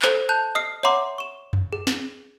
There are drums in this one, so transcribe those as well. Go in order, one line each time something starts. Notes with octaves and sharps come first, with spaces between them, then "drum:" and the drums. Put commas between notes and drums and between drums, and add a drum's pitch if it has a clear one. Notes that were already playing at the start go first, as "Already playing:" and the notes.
A4 C5 F#6, drum: clap
A5 F#6 G6 F7
D#5 D#6 F6 C7
C#5 E5 F#5 A#5 C6 D6
C#6 E7
drum: tom F2
G#4
drum: snare